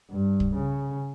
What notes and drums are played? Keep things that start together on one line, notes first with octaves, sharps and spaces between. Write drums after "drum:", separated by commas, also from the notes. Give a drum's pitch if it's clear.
G2
drum: kick
C#3